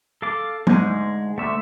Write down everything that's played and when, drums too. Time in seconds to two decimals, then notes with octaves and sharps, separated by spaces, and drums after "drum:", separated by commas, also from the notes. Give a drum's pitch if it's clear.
0.22 A4 F5 D6
0.67 D2 G#2 G#3 G#5, drum: tom
1.38 D2 A3 E5